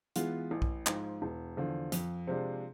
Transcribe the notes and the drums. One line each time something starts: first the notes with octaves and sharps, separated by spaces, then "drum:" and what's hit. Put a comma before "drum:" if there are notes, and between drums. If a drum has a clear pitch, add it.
E3 G#3 B3 F4, drum: hi-hat
A1
drum: kick B1
G#2 F3, drum: clap
E1
E2 D3 F3
F2, drum: hi-hat
C3 F3 G#3 D4